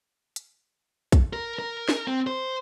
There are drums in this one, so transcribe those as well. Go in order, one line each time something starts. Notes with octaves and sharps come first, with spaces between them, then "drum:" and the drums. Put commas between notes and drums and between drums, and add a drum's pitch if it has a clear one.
drum: hi-hat
drum: kick, hi-hat
A#4
A#4
drum: snare
C4
C5